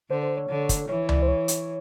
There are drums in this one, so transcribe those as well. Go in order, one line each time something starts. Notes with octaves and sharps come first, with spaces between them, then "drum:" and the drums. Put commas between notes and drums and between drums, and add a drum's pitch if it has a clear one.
D3 C5
C5
C#5
D3
drum: kick, hi-hat
E3 C#5
D5, drum: tom C#2
C5
C#5
drum: hi-hat